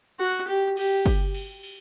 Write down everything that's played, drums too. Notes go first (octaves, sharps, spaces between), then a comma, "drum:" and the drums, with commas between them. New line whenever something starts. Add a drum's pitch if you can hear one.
F#4
G4
G4, drum: cymbal
drum: kick, cymbal
drum: cymbal
drum: cymbal